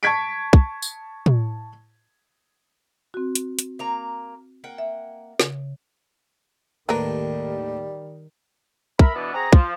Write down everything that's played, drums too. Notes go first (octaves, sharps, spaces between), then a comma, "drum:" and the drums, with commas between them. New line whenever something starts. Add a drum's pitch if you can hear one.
A5 C#6 G#6 B6 D7
drum: kick
drum: tambourine
drum: tom
C4 F#4
drum: hi-hat
drum: hi-hat
A#3 A#5
A#3 F#5 G5
E5
C#3, drum: snare
D#2 A2 D#3 G3 D4 A#4 B4
A#4 E5 B5, drum: kick
B2 E3 B3 D4
C4 F#4 G#4 G#5 A#5
F3, drum: kick